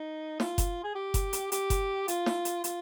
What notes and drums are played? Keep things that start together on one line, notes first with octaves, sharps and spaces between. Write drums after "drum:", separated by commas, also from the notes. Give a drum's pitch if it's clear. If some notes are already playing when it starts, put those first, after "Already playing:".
Already playing: D#4
F4, drum: snare
drum: kick F#1, hi-hat
G#4
G4
drum: kick F#1, hi-hat
drum: hi-hat
G4, drum: hi-hat
drum: kick F#1, hi-hat
F4, drum: hi-hat
drum: snare
drum: hi-hat
F4, drum: hi-hat